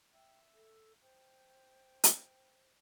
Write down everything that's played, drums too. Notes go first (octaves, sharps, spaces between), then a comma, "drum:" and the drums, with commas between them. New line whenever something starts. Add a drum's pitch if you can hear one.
E5 G5
A4
C5 G5
drum: hi-hat